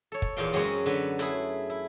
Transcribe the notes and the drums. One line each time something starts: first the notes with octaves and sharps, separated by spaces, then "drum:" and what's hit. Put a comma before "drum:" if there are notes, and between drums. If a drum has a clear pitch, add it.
A4 C#5
drum: kick
E2 A#2 F5 G5
F#2 F#3 G#3 C4 C#4 F#4
D3 F#3 B4
A3 E4 G#4, drum: hi-hat
E4